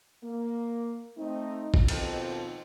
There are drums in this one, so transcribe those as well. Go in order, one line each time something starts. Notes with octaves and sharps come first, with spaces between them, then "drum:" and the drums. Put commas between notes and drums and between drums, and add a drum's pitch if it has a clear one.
A#3
A3 C4 D#4
drum: kick A1
D#2 B2 F3 C4 D#4 A4, drum: cymbal